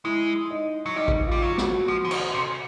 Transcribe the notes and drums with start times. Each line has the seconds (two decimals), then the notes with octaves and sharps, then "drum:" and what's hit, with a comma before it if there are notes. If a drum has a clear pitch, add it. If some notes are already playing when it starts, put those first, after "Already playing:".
0.05 G#3 E4
0.51 D#4
0.86 F#3
0.96 G3 D#4
1.08 drum: kick A1
1.27 G3 F4
1.42 F#3
1.58 F#4, drum: snare
1.88 F3
2.05 D3
2.11 D#3, drum: cymbal
2.34 C3